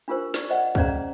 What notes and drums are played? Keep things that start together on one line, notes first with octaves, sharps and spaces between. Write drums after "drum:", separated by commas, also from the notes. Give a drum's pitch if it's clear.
D4 F4 G4 A#4 C5
D5 C#6, drum: snare
C5 D5 D#5 F#5
C#4 G#4 C5 D5 F5 A#5, drum: kick